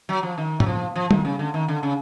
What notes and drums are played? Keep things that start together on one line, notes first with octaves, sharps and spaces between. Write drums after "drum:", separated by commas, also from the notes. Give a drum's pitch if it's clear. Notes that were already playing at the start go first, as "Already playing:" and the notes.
F#3
F3
D#3
F#3, drum: tom
F3
F3
D#3, drum: tom
C#3
D3
D#3
D3
C#3